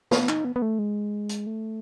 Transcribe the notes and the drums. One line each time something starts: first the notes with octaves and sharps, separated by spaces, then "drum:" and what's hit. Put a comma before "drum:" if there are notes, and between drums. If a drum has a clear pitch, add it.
B3, drum: snare
D#4, drum: clap
B3
B3
A3
G#3
drum: hi-hat
A3